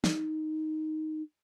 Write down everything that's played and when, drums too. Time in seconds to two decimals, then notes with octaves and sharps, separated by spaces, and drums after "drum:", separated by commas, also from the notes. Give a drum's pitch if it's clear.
0.04 D#4, drum: snare